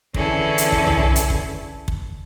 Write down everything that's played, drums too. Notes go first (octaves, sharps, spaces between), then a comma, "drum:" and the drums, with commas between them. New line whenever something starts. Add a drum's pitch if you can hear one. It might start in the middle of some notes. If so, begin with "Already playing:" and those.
D3 E3 C#4 E4 G#4 A4, drum: kick
drum: hi-hat
drum: kick
drum: tom B1
drum: hi-hat
drum: kick
drum: kick